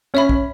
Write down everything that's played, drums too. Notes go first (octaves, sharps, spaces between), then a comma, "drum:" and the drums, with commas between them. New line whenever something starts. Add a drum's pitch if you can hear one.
C#4 C#5 E5 B5
drum: kick